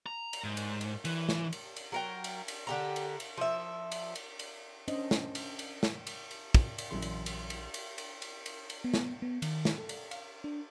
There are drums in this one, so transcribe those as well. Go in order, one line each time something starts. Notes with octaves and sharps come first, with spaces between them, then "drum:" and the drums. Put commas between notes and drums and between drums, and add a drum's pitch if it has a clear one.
A#5
drum: cymbal
G#2
drum: cymbal
drum: cymbal
E3, drum: cymbal
drum: snare
drum: cymbal
drum: cymbal
F#3 A#4 G5
drum: cymbal
drum: cymbal
D3 G4 A#5
drum: cymbal
drum: cymbal
F3 E5
drum: cymbal
drum: cymbal
drum: cymbal
C#4 D4 C5 D#5, drum: cymbal
drum: snare
drum: cymbal
drum: cymbal
drum: snare
drum: cymbal
drum: cymbal
drum: kick, cymbal
drum: cymbal
A#1 F#2 C#3 E3 C6
drum: cymbal
drum: cymbal
drum: cymbal
drum: cymbal
drum: cymbal
drum: cymbal
drum: cymbal
drum: cymbal
B3
drum: snare
B3
D#3, drum: cymbal
drum: snare
A4
drum: cymbal
F5, drum: cymbal
D4